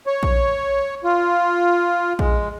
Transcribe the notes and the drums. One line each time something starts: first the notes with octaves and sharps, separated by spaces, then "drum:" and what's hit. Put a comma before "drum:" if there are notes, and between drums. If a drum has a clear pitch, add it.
C#5
drum: kick A#1
F4
G#3, drum: kick A#1